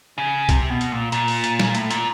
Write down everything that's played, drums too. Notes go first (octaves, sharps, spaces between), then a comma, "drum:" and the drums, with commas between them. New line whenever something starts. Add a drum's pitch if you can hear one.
C#3
C3, drum: kick B1, hi-hat
B2
drum: hi-hat
A#2
A#2, drum: hi-hat
drum: open hi-hat
drum: hi-hat
drum: snare
A2, drum: hi-hat
A#2, drum: hi-hat